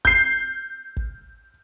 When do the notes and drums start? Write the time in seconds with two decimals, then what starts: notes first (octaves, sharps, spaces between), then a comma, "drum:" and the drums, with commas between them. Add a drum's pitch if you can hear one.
0.05 G6 C7, drum: kick
0.97 drum: kick